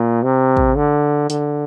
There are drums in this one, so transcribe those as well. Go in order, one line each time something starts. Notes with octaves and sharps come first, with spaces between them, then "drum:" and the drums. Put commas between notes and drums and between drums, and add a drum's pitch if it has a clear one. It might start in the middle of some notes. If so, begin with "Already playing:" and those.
Already playing: A#2
C3
drum: kick
D3
D3, drum: hi-hat